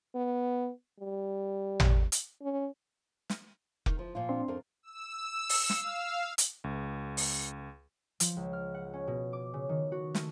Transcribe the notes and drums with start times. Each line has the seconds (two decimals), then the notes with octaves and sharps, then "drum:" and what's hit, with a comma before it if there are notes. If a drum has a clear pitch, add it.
0.15 B3
1.00 G3
1.80 drum: tom
2.12 drum: hi-hat
2.42 C#4
3.30 drum: snare
3.86 D#3, drum: kick F1
3.99 F3
4.15 A#2 F3 F4
4.29 C4 D4 C6
4.48 F2 A#4
4.83 E6
5.49 drum: open hi-hat
5.69 F5, drum: snare
6.38 drum: hi-hat
6.64 C#2
7.17 drum: open hi-hat
8.20 F3, drum: hi-hat
8.37 C#2
8.53 F6
8.74 F#5
8.93 C#4
9.08 B2
9.33 D6
9.54 C#3
9.69 D#3
9.92 F#4
10.15 A3, drum: snare